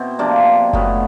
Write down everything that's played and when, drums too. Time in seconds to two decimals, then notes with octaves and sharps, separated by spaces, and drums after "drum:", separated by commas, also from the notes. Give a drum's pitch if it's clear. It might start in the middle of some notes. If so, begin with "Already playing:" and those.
Already playing: B2 C4 E4
0.19 C3 F3 A#3 D4
0.73 A2 F#3 B3, drum: kick F#1